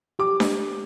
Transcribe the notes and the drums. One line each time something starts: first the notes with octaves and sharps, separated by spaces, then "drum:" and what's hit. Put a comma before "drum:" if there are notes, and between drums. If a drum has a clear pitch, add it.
G4 D6
drum: snare D4